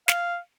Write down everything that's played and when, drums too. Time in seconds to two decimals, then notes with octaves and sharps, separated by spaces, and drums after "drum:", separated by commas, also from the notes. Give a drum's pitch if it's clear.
0.08 F5, drum: snare